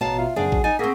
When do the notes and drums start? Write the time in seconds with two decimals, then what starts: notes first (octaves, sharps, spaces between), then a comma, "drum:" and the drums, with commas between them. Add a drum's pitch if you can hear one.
0.01 A1 B2 B3 C#5 F5 A5 A#5
0.19 F4 E5
0.36 F#2 C#3 F3 A#3 D4 G#4 D5 F#5
0.52 F#3, drum: kick
0.64 D#4 G#5 A6
0.79 A#3 C4 G#4 F#5 C#6 E6 A#6 B6